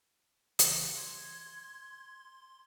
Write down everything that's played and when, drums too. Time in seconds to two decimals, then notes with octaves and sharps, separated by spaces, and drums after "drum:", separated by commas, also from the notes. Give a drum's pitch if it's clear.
0.59 C#3 E3, drum: hi-hat
0.97 C6 G#6